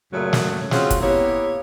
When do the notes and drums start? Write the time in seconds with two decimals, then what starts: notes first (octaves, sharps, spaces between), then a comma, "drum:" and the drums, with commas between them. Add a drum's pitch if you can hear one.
0.12 F#2 A#2 C#3 F#3 A3
0.33 drum: snare
0.71 C4 C#4 F4 F#4 G#4, drum: snare
0.90 drum: kick, hi-hat
1.01 A#3 B3 E4 G4 C#5